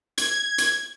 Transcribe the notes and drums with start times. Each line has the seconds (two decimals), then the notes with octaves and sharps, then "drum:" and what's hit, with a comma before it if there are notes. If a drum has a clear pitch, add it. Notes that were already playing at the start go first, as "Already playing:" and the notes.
0.18 G#6, drum: hi-hat
0.58 drum: hi-hat